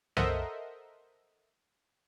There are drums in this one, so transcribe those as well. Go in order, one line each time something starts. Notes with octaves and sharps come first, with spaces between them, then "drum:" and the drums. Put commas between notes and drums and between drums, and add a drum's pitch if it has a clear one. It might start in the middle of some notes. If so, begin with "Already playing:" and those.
A4 A#4 C5 D#5 E5 F#5, drum: tom